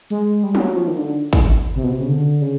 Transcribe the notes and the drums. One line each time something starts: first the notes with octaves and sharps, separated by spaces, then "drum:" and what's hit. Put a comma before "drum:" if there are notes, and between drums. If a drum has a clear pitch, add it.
G#3, drum: hi-hat
G3
G3, drum: tom
F#3
F3
D#3
D3
drum: kick
C3
B2
C3
C#3
D3
C#3